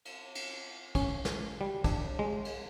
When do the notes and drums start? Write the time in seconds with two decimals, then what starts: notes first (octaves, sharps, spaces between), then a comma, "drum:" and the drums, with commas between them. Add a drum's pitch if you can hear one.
0.05 drum: cymbal
0.35 drum: cymbal
0.95 C#4, drum: kick, cymbal
1.25 drum: snare
1.61 G3
1.84 D4, drum: kick, cymbal
2.19 G#3
2.45 drum: cymbal